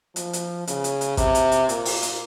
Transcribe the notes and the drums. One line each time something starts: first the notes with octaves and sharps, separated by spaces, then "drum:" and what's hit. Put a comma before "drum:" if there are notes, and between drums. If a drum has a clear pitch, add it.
F3, drum: hi-hat
drum: hi-hat
C#3, drum: hi-hat
drum: hi-hat
drum: hi-hat
C3, drum: kick A1, hi-hat
drum: hi-hat
drum: hi-hat
A#2, drum: hi-hat
drum: open hi-hat
drum: hi-hat